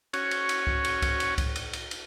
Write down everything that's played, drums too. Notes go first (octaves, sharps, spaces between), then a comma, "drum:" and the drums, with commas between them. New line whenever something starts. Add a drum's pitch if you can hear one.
C#4 F#4 C#5, drum: cymbal
drum: cymbal
drum: cymbal
drum: kick C2
drum: cymbal
drum: kick C2, cymbal
drum: cymbal
drum: kick C2, cymbal
drum: cymbal
drum: cymbal
drum: cymbal